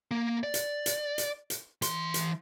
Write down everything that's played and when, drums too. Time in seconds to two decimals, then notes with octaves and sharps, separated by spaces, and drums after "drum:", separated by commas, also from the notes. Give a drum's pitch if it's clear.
0.11 A#3
0.44 D5
0.54 drum: hi-hat
0.86 drum: hi-hat
1.18 drum: hi-hat
1.50 drum: hi-hat
1.82 E3 C6, drum: hi-hat
2.14 drum: hi-hat